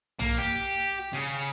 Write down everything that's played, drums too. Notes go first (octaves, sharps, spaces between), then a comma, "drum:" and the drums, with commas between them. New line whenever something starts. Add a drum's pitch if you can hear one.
A#3, drum: tom
G4
C#3